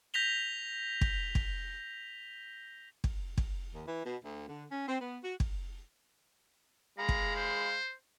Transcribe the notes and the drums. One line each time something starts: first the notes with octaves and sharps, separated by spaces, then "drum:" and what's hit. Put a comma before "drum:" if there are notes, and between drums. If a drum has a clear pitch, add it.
G6 A#6 B6 F7 G7
drum: kick
drum: kick
drum: kick
drum: kick
D#2
E3
B2
D2
D3
C#4
C4
B3
F#4
drum: kick
G#3 F5 A#5 B5
drum: kick
C5